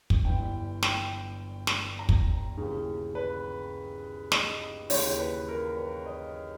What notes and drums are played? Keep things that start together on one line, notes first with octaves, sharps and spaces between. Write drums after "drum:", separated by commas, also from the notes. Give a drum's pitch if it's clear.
drum: kick
G1 G2 E3 G5
G5, drum: snare
drum: snare
A#5
drum: kick
D#2 C#3 E3
B4
D#5, drum: snare
D#2 C#3 E3 C#5, drum: open hi-hat
B4
A#4
B4
D#5